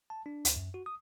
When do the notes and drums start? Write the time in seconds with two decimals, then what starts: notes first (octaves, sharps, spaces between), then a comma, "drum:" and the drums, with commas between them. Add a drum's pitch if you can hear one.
0.10 A5
0.26 D4
0.45 D2, drum: hi-hat
0.56 F#2
0.74 F#4
0.86 D#6